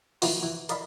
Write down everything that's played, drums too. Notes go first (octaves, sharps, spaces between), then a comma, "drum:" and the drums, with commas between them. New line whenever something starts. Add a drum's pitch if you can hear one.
D#3 F3 A#3 B3 E4, drum: open hi-hat
E3
A#4 D5 D#5 F5 B5, drum: hi-hat